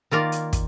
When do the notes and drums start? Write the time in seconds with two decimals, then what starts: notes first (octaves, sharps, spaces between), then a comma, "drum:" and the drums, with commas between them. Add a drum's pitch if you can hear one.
0.11 D#3 A#3 F4 A#4 D5
0.32 drum: hi-hat
0.53 drum: kick, hi-hat